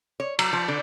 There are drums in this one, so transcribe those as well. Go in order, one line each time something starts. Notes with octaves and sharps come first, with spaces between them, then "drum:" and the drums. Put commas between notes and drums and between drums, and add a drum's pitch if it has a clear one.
C#5
F#3, drum: cymbal
F3
D3